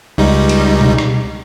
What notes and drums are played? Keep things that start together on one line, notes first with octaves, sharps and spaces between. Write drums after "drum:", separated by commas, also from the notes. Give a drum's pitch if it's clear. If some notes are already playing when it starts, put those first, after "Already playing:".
C#2 G3 D#4
drum: cymbal
drum: tom B2
drum: rim click